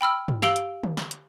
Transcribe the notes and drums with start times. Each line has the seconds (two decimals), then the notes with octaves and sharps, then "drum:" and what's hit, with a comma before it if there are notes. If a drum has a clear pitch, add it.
0.01 G5 B5 E6 F6
0.28 drum: tom
0.42 G4 F5 E6 D7 F#7 G7, drum: snare
0.56 drum: hi-hat
0.83 drum: tom
0.97 drum: snare
1.11 drum: hi-hat